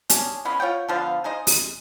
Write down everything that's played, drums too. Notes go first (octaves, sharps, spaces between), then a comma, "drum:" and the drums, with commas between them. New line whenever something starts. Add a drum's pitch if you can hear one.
C#4 D4 G#4, drum: hi-hat
C#3 G#3 B3 C#4
F4 C#5 F#5 G5
D3 F3 B3 F4
G#3 D#4 C5 D#5
drum: open hi-hat